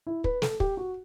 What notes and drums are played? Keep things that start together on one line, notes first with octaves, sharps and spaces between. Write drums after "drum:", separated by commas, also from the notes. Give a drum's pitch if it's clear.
E4
B4, drum: kick
A4, drum: snare
G4, drum: kick
F#4